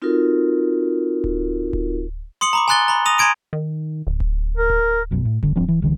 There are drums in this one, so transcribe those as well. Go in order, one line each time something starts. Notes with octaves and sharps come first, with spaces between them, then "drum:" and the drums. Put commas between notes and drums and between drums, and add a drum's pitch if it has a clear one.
C4 D#4 F4 F#4 A4 A#4
drum: kick D1
drum: kick D1
C6 D#6 C#7 F#7
A#5 B5 D6
G#5 A#5 C6 F#6 A6 G7
A#5 B5
D#6 A#6 D#7 F7
G#5 A#5 C6 G#6 D7 D#7
D#3
D1
drum: kick D1
A#4
drum: kick D1
A#1 F#2 B2
A2
G1 D3, drum: kick D1
G1 F3 C4 D4
E3
C2 D3 E3